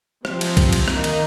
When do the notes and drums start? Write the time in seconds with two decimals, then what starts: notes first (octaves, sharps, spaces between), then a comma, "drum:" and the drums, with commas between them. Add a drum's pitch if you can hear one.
0.25 C3 F3 C4, drum: rim click
0.41 drum: cymbal
0.57 drum: kick, cymbal
0.73 drum: cymbal
0.88 D#3 A#3 D#4, drum: rim click
1.04 drum: cymbal